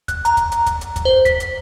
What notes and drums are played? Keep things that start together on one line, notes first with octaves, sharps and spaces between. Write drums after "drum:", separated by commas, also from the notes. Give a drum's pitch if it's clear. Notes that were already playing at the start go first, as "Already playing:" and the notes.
F#6, drum: kick, hi-hat
A#5, drum: hi-hat
drum: kick, hi-hat
drum: hi-hat
drum: kick, hi-hat
drum: hi-hat
drum: kick, hi-hat
C5
B6, drum: kick, hi-hat
drum: hi-hat